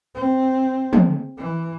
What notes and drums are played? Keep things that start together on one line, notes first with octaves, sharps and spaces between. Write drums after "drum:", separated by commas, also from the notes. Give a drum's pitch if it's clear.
C4
drum: tom
E3